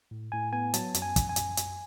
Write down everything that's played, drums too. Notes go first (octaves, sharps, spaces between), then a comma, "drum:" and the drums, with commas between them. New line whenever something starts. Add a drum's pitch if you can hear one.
A2
A2 G#5
B3 G#5
F#3 A5, drum: hi-hat
F#2, drum: hi-hat
G#5
F#2, drum: kick, hi-hat
G#5
F#2, drum: hi-hat
F#2, drum: hi-hat